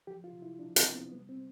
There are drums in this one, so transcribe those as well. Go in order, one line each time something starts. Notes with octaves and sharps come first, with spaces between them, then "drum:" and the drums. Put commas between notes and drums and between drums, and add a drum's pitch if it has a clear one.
F3 G4
F4
C3
E4
F3 D4
C4, drum: hi-hat
C3
B3
G3 B3
C4